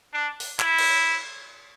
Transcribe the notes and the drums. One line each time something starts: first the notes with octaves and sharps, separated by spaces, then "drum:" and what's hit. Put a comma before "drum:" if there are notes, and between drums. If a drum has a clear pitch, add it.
D4
drum: open hi-hat
E4, drum: clap
drum: cymbal